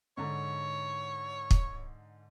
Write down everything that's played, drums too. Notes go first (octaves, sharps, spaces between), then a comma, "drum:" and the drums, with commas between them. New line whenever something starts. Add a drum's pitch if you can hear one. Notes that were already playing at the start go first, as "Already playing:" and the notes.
G#2 D3 C#5 A#5
drum: kick